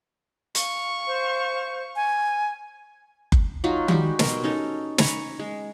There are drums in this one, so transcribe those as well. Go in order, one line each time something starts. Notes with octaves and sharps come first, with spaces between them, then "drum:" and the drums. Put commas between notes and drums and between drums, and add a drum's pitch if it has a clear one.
F5 C#6, drum: hi-hat
C5
G#5
drum: kick F#1
F#3 D#4 F4 F#4
G3 G#3 F#4 G4, drum: tom D#3
B2 A#4 C6, drum: snare
C#4 D#4 A4
G#5 A#5 B5 C#6, drum: snare
G#3